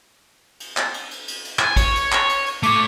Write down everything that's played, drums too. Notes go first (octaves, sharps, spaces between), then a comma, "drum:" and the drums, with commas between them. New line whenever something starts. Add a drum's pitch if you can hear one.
drum: cymbal
drum: clap
drum: cymbal
drum: cymbal
drum: cymbal
drum: cymbal
G#5, drum: clap
C#5, drum: kick, cymbal
drum: cymbal
drum: clap
drum: cymbal
drum: cymbal
A3 C#5 D6, drum: cymbal